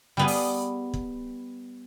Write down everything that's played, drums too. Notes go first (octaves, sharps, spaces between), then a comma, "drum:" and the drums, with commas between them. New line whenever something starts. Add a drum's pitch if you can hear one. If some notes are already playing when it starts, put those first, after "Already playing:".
G3 B3 G#4
drum: open hi-hat
drum: kick